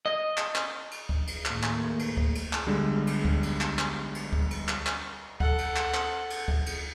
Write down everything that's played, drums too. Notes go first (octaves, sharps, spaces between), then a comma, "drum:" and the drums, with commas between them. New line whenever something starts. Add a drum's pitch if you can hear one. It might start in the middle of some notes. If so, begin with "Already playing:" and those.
D#5
drum: clap
drum: clap
drum: cymbal
drum: kick D2
drum: cymbal
D#2 A2 A3 A#3, drum: clap
drum: clap
drum: cymbal
drum: kick D2
drum: cymbal
drum: clap
B1 D3 G3 G#3
drum: cymbal
drum: kick D2
drum: cymbal
drum: clap
drum: clap
drum: cymbal
drum: kick D2
drum: cymbal
drum: clap
drum: clap
A4 F#5, drum: kick D2
drum: cymbal
drum: clap
drum: clap
drum: cymbal
drum: kick D2
drum: cymbal